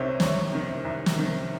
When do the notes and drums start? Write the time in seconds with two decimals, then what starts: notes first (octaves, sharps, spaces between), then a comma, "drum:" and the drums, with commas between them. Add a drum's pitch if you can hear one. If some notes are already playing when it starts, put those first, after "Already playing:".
Already playing: C2 C3 D#3 C5 C#5
0.20 C2 C#5, drum: snare
0.52 C3 D#3
0.85 C2
1.06 drum: snare
1.17 C3 D#3